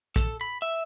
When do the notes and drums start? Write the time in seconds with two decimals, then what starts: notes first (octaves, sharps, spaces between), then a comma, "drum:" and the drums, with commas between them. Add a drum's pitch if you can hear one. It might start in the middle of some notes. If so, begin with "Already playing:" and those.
0.16 A4, drum: kick, hi-hat
0.41 B5
0.62 E5